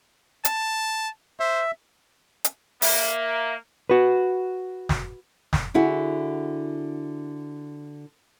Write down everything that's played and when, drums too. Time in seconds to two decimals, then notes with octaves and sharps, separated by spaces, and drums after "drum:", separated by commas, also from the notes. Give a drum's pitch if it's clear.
0.45 A5, drum: hi-hat
1.40 C5 E5
2.44 drum: hi-hat
2.82 A#3 E5, drum: open hi-hat
3.90 F#4 B4
4.89 drum: snare
5.53 drum: snare
5.74 D3 E4 F#4 G#4